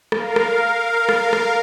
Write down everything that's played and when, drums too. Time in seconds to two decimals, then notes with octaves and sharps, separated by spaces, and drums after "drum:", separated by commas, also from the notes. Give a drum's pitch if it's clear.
0.12 A#4 F5, drum: rim click
0.36 drum: rim click
1.09 drum: rim click
1.33 drum: rim click